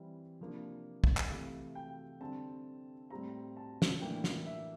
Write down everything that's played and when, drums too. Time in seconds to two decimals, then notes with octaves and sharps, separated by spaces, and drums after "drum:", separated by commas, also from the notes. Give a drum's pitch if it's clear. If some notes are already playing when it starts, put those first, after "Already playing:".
Already playing: E3 G3 C4
0.40 C3 F3 A#3 D4
1.04 drum: kick
1.17 drum: clap
1.30 C3 E3 A3 F5
1.75 G5
2.20 D3 G3 C4 A5
3.10 A2 G3 C4 A#5
3.57 A5
3.82 drum: snare
4.01 A2 E3 A#3 D4 G5
4.24 drum: snare
4.46 E5